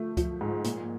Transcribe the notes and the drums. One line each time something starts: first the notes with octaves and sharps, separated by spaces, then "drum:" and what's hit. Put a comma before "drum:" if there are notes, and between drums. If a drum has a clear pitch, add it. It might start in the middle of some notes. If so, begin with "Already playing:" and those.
Already playing: F3 A3
F3, drum: kick C#2, hi-hat
G#2
A#2, drum: hi-hat